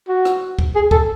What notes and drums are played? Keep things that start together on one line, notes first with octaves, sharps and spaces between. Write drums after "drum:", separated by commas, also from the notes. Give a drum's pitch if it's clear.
F#4
drum: rim click
drum: kick
G#4
A4, drum: kick